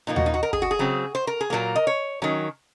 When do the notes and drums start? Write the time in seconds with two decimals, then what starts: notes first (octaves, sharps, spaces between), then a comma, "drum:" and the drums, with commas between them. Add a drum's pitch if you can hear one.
0.07 A#2 F3 A#3 D#4
0.16 F#4, drum: tom D#2
0.26 D#4
0.34 F#4
0.43 A#4
0.53 G#4, drum: kick
0.62 F#4
0.71 G#4
0.79 C#3 F#3 C4
1.15 C5
1.27 A#4
1.41 G#4
1.50 A#2 F#3 A#3 A#4
1.76 D#5
1.87 C#5
2.22 D#3 F#3 C#4